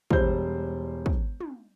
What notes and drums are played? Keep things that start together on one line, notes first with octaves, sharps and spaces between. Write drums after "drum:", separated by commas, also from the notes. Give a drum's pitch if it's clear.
E1 G3 C5 G6, drum: kick
drum: kick
drum: tom